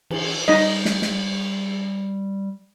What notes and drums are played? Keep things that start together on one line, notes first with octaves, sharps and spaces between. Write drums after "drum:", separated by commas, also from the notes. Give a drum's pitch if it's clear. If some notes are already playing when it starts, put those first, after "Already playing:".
E3, drum: cymbal
G3 D#4 D#5
drum: snare
drum: snare